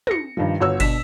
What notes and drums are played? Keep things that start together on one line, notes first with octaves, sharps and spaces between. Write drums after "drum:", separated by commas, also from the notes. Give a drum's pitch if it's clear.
A#6 C#7, drum: tom
G2 D#3 F3
G1 F#4 C#5 E6
B2 D4 B6 E7, drum: kick G1, cymbal